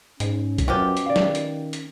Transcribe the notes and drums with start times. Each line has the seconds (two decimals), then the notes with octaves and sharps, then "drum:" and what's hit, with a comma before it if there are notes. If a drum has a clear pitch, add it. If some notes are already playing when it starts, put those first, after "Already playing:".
0.20 G#2 C#4, drum: hi-hat
0.58 drum: kick B1, hi-hat
0.68 F#2 B2 F3 C#4 G4
0.97 drum: hi-hat
1.06 D#3 D5 F5
1.16 drum: snare
1.35 drum: hi-hat
1.73 drum: hi-hat